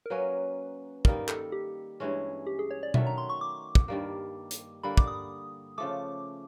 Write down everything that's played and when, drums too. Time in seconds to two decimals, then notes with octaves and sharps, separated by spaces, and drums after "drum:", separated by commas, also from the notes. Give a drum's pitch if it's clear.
0.06 A#4
0.10 F#3 A#3 C#4 B4
1.05 D#3 G3 A#3 D#4 A#4, drum: kick
1.28 A4, drum: clap
1.52 G4
2.00 G2 E3 G#3 C#4
2.47 G4
2.59 G#4
2.71 C#5
2.83 D5
2.94 D#3 F#3 A3 E5, drum: tom B2
3.07 A#5
3.18 C6
3.30 C#6
3.41 D6
3.75 drum: kick
3.88 G2 D#3 G3 A#3
4.51 drum: hi-hat
4.83 D3 G3 A#3 B5
4.97 D6, drum: kick
5.07 D#6
5.78 C#3 F3 A3 D6